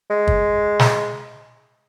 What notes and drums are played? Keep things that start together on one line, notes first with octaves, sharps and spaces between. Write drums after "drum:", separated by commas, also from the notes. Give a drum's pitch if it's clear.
G#3
drum: kick
drum: snare